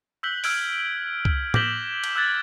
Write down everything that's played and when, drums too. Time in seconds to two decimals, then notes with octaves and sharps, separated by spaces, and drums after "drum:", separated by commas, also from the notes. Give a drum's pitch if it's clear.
0.23 E6 F#6 G6 B6 F#7 G7
0.44 E6 F6 G#6 D7, drum: open hi-hat
1.25 drum: kick C2
1.54 D6 G6 A#6 B6 F#7 G7, drum: tom A2
2.04 drum: cymbal
2.15 E6 F#6 G#6 A6